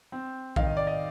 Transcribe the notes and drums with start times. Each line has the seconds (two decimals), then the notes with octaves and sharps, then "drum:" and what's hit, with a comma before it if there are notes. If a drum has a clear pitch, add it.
0.12 C4
0.56 D#3 F5, drum: kick A#1
0.67 D#5
0.77 D5
0.87 D#5